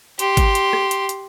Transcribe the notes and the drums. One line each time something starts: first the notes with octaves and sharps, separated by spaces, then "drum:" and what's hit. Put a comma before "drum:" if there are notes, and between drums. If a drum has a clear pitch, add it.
G4 C6, drum: hi-hat
drum: kick G#1, hi-hat
drum: hi-hat
drum: rim click
drum: hi-hat
drum: hi-hat